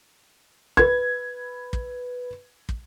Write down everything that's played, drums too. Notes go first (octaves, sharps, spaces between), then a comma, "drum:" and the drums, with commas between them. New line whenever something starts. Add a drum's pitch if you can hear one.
B4 G#6, drum: kick
drum: kick
drum: kick